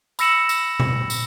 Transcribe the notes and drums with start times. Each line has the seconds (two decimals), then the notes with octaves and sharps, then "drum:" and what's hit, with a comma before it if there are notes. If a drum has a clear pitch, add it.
0.19 B5 E6 A#6 C#7 E7 F#7, drum: tambourine
0.49 drum: tambourine
0.80 drum: tom A#2
1.10 drum: tambourine